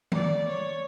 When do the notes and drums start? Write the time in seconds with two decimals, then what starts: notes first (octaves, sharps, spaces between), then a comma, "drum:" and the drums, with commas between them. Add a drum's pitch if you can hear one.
0.12 D5, drum: tom D#3
0.48 C#5